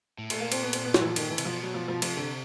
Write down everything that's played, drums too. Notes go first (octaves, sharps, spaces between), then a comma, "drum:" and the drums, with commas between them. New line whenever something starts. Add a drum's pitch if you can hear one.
A2
A#2 A3, drum: cymbal
A#3
C4, drum: cymbal
B3
C4, drum: cymbal
B3
F#3, drum: snare
E3
F3
A#2 D#3, drum: cymbal
E3
C3, drum: cymbal
B2 F3
F#3
F3
F3
C3 F3, drum: cymbal
D3